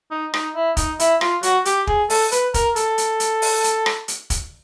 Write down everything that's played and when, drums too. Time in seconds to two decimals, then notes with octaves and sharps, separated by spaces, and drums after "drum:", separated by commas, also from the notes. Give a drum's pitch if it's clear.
0.11 D#4
0.34 D#4, drum: rim click
0.55 E4
0.77 D#4, drum: kick, hi-hat
1.00 E4, drum: hi-hat
1.21 F4, drum: rim click
1.43 F#4, drum: hi-hat
1.65 G4, drum: hi-hat
1.87 G#4, drum: kick
2.10 A4, drum: open hi-hat
2.32 B4, drum: hi-hat
2.54 A#4, drum: kick, hi-hat
2.76 A4, drum: hi-hat
2.98 drum: hi-hat
3.20 drum: hi-hat
3.42 drum: open hi-hat
3.64 drum: hi-hat
3.86 drum: rim click
4.08 drum: hi-hat
4.30 drum: kick, hi-hat